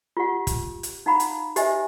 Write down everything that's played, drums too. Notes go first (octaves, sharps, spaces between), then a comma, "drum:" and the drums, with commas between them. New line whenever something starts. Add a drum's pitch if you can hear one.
F4 G4 F#5
drum: kick, hi-hat
drum: hi-hat
D#4 F5 F#5 A#5 B5
drum: hi-hat
G4 C5 D#5 E5 G#5, drum: hi-hat